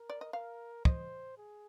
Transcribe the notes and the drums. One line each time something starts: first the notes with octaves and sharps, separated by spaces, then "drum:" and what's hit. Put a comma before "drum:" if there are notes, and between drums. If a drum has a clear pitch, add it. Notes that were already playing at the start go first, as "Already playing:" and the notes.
Already playing: A#4
D5
D#5
A#4 F5
C5 D#5, drum: kick
G#4